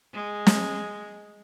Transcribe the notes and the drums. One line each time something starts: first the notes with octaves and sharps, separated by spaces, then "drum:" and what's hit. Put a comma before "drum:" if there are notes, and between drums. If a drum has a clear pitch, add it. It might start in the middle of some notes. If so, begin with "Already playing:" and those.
G#3
drum: snare